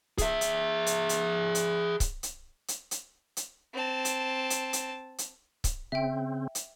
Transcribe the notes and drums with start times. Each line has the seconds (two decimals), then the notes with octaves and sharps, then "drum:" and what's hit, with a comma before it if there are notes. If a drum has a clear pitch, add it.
0.18 G#4 E5, drum: kick C#1, hi-hat
0.41 drum: hi-hat
0.86 drum: hi-hat
1.09 drum: hi-hat
1.55 drum: hi-hat
2.00 drum: kick C#1, hi-hat
2.23 drum: hi-hat
2.68 drum: hi-hat
2.91 drum: hi-hat
3.37 drum: hi-hat
3.74 C4 A5
4.05 drum: hi-hat
4.50 drum: hi-hat
4.73 drum: hi-hat
5.18 drum: hi-hat
5.64 drum: kick C#1, hi-hat
5.92 C#3 C4 E5 G5
6.55 drum: hi-hat